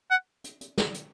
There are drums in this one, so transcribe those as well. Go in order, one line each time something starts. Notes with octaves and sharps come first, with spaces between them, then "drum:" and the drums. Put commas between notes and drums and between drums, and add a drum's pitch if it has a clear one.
F#5
drum: hi-hat
drum: hi-hat
drum: snare
drum: hi-hat